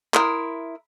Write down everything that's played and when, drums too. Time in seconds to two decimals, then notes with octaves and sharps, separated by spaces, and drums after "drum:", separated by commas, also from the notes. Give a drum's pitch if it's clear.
0.14 E4 A#4 C6 D#6, drum: clap